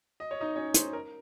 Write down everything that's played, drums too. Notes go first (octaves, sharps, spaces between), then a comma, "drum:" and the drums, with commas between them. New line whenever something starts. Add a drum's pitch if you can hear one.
D#5
C#5
D#4 D#5
C#4 C#5
C5, drum: hi-hat
A#4